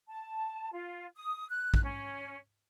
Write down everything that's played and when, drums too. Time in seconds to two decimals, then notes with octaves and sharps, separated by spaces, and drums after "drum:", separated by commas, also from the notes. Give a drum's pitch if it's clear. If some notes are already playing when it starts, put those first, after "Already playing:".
0.10 A5
0.73 F4
1.16 D#6
1.49 F#6
1.74 drum: kick
1.84 C#4